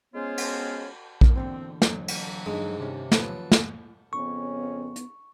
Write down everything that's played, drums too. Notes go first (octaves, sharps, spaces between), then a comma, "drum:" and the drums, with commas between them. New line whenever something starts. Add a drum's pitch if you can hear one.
G#3 B3 C#4 F4 C5 C#5
drum: cymbal
B1 D#3 A#3, drum: kick A#1
E2 A#2 D3 C4
F2 F#3, drum: snare
drum: cymbal
G2 G#3 D#4
D#2 C3 C#4
F3 F#3 B4, drum: snare
drum: snare
F2 C#3 B3 C#4 C#6
drum: hi-hat